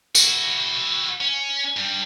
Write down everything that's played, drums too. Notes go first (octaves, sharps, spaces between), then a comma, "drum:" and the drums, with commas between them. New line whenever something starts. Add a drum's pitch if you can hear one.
E4 F#4, drum: tambourine
C#4
G2 G3